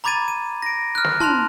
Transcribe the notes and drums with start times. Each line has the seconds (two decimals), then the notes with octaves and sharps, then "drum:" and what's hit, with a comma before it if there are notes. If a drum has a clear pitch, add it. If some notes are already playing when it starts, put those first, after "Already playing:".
0.04 A#5 B5 D6 G#6 A6 D#7
0.28 D#7
0.62 A#6 D7
0.95 F6 F#6
1.05 drum: snare
1.20 A5 C6 F#6 F7, drum: tom